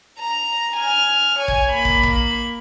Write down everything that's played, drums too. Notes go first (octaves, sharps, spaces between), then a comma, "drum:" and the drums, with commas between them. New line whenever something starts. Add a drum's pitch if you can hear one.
A#5
G#5 F6
C#5 G#5
drum: kick
A#3 B5
drum: kick
drum: kick